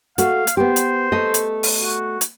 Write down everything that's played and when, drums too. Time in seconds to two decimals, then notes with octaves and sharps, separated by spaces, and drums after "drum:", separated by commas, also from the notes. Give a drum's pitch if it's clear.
0.18 A3 F#4 F5, drum: hi-hat
0.47 drum: hi-hat
0.57 B3 G4 C5
0.76 drum: hi-hat
1.12 A3 D#5
1.34 drum: hi-hat
1.63 drum: open hi-hat
1.80 F#4
2.21 drum: hi-hat